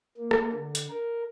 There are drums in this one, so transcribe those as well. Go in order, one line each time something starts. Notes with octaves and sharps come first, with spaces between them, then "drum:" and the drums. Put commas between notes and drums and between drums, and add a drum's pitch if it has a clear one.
A#3
drum: rim click
D3
drum: hi-hat
A#4